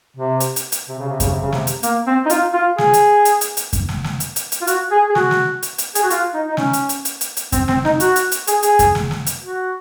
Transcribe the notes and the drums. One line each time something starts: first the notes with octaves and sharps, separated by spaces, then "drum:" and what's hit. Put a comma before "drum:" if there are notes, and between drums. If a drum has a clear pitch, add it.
C3
drum: hi-hat
drum: hi-hat
drum: hi-hat
C3
C#3
C3
C#3, drum: kick F#2, hi-hat
C3
C#3
C3, drum: snare
drum: hi-hat
A#3, drum: hi-hat
C4
D#4
F4, drum: hi-hat
F4
G#4, drum: snare
drum: hi-hat
drum: hi-hat
drum: hi-hat
drum: hi-hat
drum: kick F#2, hi-hat
drum: snare
drum: snare
drum: hi-hat
drum: hi-hat
drum: hi-hat
F4
F#4, drum: hi-hat
G#4
G#4
F#4, drum: snare
drum: snare
drum: hi-hat
drum: hi-hat
G#4, drum: hi-hat
F#4
F4, drum: hi-hat
D#4
D#4
C#4, drum: snare
drum: hi-hat
drum: hi-hat
drum: hi-hat
drum: hi-hat
drum: hi-hat
C4, drum: kick F#2, hi-hat
C4, drum: snare
D#4, drum: snare
F#4, drum: hi-hat
drum: hi-hat
drum: hi-hat
G#4, drum: hi-hat
G#4, drum: hi-hat
drum: kick F#2, hi-hat
drum: snare
drum: snare
drum: hi-hat
F#4